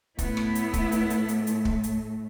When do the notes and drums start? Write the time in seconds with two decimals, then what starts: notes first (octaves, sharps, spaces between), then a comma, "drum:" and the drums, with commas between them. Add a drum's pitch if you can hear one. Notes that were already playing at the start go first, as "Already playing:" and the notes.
0.19 A2 A3 B3 E4, drum: kick, hi-hat
0.37 drum: rim click
0.55 drum: hi-hat
0.74 drum: kick, hi-hat
0.92 drum: hi-hat
1.10 drum: hi-hat
1.29 drum: hi-hat
1.47 drum: hi-hat
1.65 drum: kick
1.83 drum: hi-hat